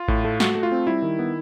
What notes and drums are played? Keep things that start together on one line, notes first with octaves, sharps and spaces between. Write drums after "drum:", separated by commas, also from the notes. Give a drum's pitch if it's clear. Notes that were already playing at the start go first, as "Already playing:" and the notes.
Already playing: F4
A2, drum: kick A1
A3
A3 F#4, drum: snare
A3
F4
C4
G3 E4
D#3
B3